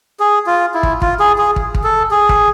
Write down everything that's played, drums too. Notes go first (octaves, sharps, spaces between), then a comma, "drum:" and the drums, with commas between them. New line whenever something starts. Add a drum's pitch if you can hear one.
G#4
F4
E4
drum: kick
F4, drum: kick
G#4
G#4
drum: kick
drum: kick
A4
G#4
drum: kick